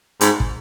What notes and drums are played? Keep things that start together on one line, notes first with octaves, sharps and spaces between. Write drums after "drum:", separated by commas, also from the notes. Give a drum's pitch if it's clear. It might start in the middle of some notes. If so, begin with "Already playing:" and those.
G#2, drum: hi-hat
drum: kick